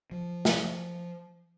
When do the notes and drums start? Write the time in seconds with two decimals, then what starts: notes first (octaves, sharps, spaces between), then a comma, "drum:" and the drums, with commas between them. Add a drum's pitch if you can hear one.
0.11 F3
0.45 drum: snare